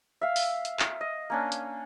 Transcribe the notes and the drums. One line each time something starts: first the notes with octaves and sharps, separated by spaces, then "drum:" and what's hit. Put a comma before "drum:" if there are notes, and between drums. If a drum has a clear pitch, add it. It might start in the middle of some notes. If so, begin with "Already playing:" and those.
E5 F5
drum: open hi-hat
drum: hi-hat
drum: clap
D#5
A#3 C#4 D4
drum: hi-hat